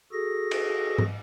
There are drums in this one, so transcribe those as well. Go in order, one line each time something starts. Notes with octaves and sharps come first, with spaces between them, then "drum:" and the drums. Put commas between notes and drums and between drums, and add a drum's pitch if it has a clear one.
F#4 G#4 A4 A#6
drum: cymbal
drum: tom G#2